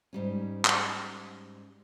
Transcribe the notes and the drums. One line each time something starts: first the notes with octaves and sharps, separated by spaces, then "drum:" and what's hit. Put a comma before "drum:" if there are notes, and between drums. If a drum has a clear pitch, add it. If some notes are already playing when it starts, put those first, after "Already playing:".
G#2 G3 C#4
drum: clap